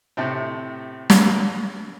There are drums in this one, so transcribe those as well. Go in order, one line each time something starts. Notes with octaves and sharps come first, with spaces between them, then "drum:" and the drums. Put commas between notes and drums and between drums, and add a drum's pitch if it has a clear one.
A2 C3 C4
drum: snare